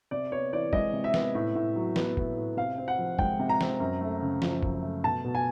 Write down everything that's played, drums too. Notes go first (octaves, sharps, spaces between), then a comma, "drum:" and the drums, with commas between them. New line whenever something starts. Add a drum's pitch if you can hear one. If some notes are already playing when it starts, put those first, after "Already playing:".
C3 D5
B3 C#5
E3 D5
G#3 D#5, drum: kick
C3
E5
B3, drum: snare
A2
A2
F#3
B3, drum: snare
A2, drum: kick
A2
C3 F5
C4
F#5
F3
G#3 G5, drum: kick
C3
A#5
C4, drum: snare
F#2
A3
C#3
F3, drum: snare
F#2, drum: kick
A3
B2 A5
B2
G#5